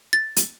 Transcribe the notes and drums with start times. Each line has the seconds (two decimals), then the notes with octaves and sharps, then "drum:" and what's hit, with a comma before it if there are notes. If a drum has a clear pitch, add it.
0.13 A6
0.36 drum: hi-hat